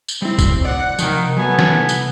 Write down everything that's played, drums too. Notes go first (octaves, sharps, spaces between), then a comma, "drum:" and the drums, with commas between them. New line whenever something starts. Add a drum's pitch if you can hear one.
drum: tambourine
G3 C4 E4
drum: kick B1, tambourine
D5 F#5
C3 D#3 F3, drum: tambourine
F#3 A3 B3 G#5
drum: snare
C2
drum: tambourine